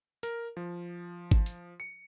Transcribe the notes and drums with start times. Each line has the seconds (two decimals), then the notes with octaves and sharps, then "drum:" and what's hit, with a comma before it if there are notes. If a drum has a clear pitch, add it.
0.23 A#4, drum: hi-hat
0.57 F3
1.31 drum: kick G#1
1.46 drum: hi-hat
1.80 C#7